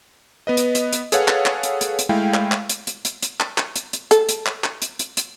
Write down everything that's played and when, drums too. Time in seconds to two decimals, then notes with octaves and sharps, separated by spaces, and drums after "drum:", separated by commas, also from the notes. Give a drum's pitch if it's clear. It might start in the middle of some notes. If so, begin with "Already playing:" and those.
0.47 B3 B4 D#5
0.57 drum: hi-hat
0.75 drum: hi-hat
0.93 drum: hi-hat
1.12 G#4 A4 B4 C#5 F5 F#5, drum: hi-hat
1.28 drum: clap
1.46 drum: clap
1.63 drum: hi-hat
1.81 drum: hi-hat
1.99 drum: hi-hat
2.09 G#3 A3 E4 F5 G5
2.34 drum: clap
2.52 drum: clap
2.69 drum: hi-hat
2.87 drum: hi-hat
3.05 drum: hi-hat
3.23 drum: hi-hat
3.40 drum: clap
3.58 drum: clap
3.76 drum: hi-hat
3.93 drum: hi-hat
4.11 A4, drum: hi-hat
4.29 drum: hi-hat
4.46 drum: clap
4.64 drum: clap
4.82 drum: hi-hat
4.99 drum: hi-hat
5.17 drum: hi-hat